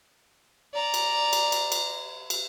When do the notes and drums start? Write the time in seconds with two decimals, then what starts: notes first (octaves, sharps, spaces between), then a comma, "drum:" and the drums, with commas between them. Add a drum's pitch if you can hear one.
0.74 D5 A#5
0.94 drum: cymbal
1.33 drum: cymbal
1.52 drum: cymbal
1.72 drum: cymbal
2.30 drum: cymbal